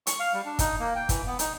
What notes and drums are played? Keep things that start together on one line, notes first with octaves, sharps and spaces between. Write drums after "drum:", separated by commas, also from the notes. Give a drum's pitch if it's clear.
C#6, drum: hi-hat
F5
G3
D4
D#4, drum: kick, hi-hat
A#3
G5
E3, drum: kick, hi-hat
B3
D#4, drum: hi-hat